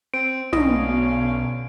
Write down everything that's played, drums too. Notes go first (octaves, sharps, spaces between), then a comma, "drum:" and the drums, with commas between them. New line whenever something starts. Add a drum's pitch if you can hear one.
C4 C5 D7
B1 D3 C#4 D#5 F5, drum: tom
B2